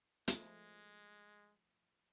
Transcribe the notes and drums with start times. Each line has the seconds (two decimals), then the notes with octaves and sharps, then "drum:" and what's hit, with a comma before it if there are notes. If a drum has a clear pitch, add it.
0.28 F3 G#3 A3, drum: hi-hat